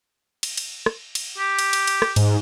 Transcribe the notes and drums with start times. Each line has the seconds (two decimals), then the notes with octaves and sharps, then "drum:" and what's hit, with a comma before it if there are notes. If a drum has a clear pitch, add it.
0.43 drum: cymbal
0.57 drum: cymbal
0.86 drum: rim click
1.15 drum: cymbal
1.38 G4
1.59 drum: cymbal
1.73 drum: cymbal
1.87 drum: cymbal
2.02 drum: rim click
2.16 G#2, drum: cymbal